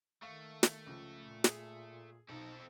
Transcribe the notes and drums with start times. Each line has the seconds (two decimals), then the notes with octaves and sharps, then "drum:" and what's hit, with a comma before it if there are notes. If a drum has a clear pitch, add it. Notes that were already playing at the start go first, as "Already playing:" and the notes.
0.22 D#3 A3 F5 C#6
0.63 drum: snare
0.87 C#2 F3
1.19 A#2
1.44 G#4 D#6, drum: snare
2.29 B1 C4 D#4 A4